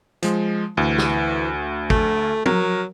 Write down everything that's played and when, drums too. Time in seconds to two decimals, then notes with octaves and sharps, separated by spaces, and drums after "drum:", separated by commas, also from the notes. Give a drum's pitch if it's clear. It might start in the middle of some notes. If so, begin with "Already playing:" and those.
0.23 F3 G#3, drum: hi-hat
0.77 D2 E3
0.98 drum: snare
1.90 A3, drum: kick
2.46 F#3 A#4, drum: tom